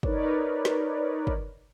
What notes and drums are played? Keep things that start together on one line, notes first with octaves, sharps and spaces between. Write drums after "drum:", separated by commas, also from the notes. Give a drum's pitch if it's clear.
D#4 A#4 B4 C#5 D5, drum: kick
drum: snare
drum: kick